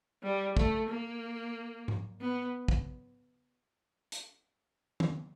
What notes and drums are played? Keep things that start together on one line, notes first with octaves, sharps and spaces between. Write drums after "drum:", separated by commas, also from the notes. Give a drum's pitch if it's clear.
G3
A3, drum: kick
A#3
drum: tom G#2
B3
drum: kick
drum: hi-hat
drum: tom D#3